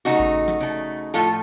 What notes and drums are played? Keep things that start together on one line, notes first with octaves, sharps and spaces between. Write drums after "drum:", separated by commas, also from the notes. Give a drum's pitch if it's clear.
C#3 A3 D#4 F#4
drum: kick G#1
drum: snare
C#3 A3
A2 F3 A3 F4 A4